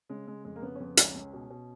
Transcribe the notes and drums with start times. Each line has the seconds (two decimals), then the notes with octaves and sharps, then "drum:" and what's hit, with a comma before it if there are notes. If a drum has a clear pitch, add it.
0.09 C#3 G#3
0.27 C#3 G#3
0.45 F2 G#3
0.56 A#3
0.62 C#3 B3
0.75 C#4
0.80 F2 B3
0.97 C#2 C#4, drum: hi-hat
1.15 C#2
1.33 B2
1.50 B2